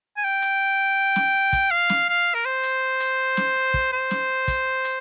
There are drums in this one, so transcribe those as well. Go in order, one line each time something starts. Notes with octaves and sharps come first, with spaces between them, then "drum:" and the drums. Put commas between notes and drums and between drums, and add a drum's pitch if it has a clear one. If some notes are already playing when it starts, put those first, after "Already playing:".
G#5
G5
drum: hi-hat
drum: snare
drum: kick, hi-hat
F5
drum: snare
F5
A#4
C5
drum: hi-hat
drum: hi-hat
drum: snare
drum: kick
C5
drum: snare
drum: kick, hi-hat
drum: hi-hat